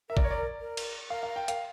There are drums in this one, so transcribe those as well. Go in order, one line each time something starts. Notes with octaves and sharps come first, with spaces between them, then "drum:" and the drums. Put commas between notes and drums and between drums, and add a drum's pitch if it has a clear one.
A#4 E5
D5, drum: kick
C#5
D5
A#4
drum: cymbal
A#4 F5
F5
G5
F5, drum: hi-hat